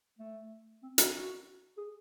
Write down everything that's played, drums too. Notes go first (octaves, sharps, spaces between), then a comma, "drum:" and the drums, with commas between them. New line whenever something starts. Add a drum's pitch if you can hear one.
A3
C4
C4, drum: hi-hat
F#4
G#4